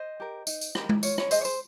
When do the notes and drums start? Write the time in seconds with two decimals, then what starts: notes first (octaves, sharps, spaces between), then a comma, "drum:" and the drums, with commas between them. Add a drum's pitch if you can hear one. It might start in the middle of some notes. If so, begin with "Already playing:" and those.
Already playing: C5 D#5
0.20 G4 A#4
0.47 D#4, drum: tambourine
0.61 drum: tambourine
0.75 G4 A#4, drum: rim click
0.89 drum: tom G#3
1.03 F4 C#5, drum: tambourine
1.18 C#5, drum: rim click
1.31 G#4 C5 D#5, drum: tambourine
1.41 C#5
1.45 C5, drum: tambourine